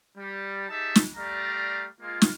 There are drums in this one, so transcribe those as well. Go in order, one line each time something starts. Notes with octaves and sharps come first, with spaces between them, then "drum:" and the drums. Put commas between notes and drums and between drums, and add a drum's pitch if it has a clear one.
G3
D#4 G4 G#4 E5 A5
drum: snare
G3 A3 D5 F5 A#5
G#3 A#3 F4
drum: snare